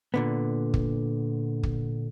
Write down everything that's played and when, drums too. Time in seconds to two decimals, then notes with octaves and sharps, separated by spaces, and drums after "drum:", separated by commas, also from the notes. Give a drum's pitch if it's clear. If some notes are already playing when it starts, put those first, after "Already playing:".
0.14 A#2 D3 B3
0.74 drum: kick
1.63 drum: kick